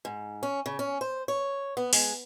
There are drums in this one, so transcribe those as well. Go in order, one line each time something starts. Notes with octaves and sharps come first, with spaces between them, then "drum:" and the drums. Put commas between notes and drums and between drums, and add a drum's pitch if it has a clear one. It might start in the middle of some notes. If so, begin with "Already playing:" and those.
G#2
C#4
C#3
C#4
C5
C#5
B3
G#3, drum: open hi-hat